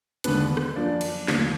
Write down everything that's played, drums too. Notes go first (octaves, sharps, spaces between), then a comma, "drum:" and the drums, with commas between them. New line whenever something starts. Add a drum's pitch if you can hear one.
D#2 D3 G#3 B3 D4 B4, drum: hi-hat
drum: rim click
F#2 F3 A#3 D4 D5
drum: cymbal
D#2 D3 F3 A#3, drum: snare